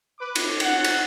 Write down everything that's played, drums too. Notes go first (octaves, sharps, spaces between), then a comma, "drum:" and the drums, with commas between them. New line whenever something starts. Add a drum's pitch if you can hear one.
B4 D6
drum: cymbal
F#5, drum: cymbal
drum: cymbal